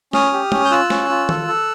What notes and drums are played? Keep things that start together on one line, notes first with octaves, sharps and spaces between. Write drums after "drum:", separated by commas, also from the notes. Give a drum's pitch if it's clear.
C#4 D#6 F6, drum: snare
G4
C#4, drum: tom
G6
F4 E6 F#6
C#4, drum: snare
F4
A4, drum: tom D#3
A4